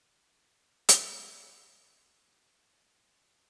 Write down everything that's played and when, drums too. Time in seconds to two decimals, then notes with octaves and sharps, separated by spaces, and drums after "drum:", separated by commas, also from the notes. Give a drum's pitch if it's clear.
0.19 G1 F2 C3 B3
0.89 drum: hi-hat
1.13 D2 D3 A3
1.24 G3
1.35 G3
1.47 G3
1.71 E3
1.82 A3
2.06 C2 C3 D4
2.99 B1 A2